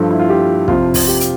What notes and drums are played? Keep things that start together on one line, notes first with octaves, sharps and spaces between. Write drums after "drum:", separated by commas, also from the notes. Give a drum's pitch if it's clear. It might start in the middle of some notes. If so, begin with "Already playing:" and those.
Already playing: G2 F3 A4
E4
F4
G4
F2 C3 F3 F4, drum: kick
drum: kick, open hi-hat
G4
drum: hi-hat